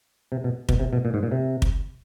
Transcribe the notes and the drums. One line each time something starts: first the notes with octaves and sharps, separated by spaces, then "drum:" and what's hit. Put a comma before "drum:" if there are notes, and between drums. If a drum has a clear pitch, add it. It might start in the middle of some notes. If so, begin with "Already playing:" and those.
C3
B2
B2, drum: kick
C3
B2
A#2
G#2
A#2
C3
drum: kick